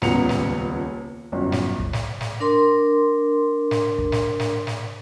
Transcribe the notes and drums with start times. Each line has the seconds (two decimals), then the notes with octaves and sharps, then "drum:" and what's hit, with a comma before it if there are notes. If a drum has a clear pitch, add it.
0.02 D#1 C#2 B3 A#5 C#7 F7, drum: snare
0.29 drum: snare
1.32 G1 F#2
1.52 drum: snare
1.80 drum: kick
1.93 drum: snare
2.21 drum: snare
2.40 D4 A#4 C6 D6
3.71 drum: snare
3.98 drum: kick
4.12 drum: snare
4.40 drum: snare
4.67 drum: snare